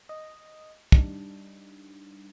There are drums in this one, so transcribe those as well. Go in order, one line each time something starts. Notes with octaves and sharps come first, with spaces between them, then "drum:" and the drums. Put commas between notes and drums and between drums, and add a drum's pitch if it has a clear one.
D#5
G3 D4 D#4, drum: kick